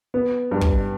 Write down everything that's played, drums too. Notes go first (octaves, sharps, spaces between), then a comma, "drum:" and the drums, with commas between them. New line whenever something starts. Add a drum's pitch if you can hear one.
B3
G2
drum: kick